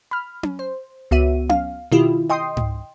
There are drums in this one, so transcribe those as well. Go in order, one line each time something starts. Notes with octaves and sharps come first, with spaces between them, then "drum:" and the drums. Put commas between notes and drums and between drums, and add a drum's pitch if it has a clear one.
B5 F6
drum: tom C#4
C5
C#2 B3 F#4 E5 D#7
F5, drum: tom C#4
B2 D#3 E4 F4 G4
D#5 G5 C6 D#6 C7
drum: tom G#2